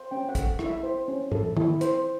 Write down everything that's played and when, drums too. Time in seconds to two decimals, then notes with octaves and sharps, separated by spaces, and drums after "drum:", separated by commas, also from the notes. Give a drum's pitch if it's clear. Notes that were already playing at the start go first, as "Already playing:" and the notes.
Already playing: C5
0.11 C#4 G5
0.29 F#5
0.35 A4, drum: kick, hi-hat
0.59 E4, drum: rim click
0.66 E5
0.83 C5
1.08 C#4
1.32 A4, drum: tom G#2
1.57 E4, drum: tom
1.81 C5, drum: hi-hat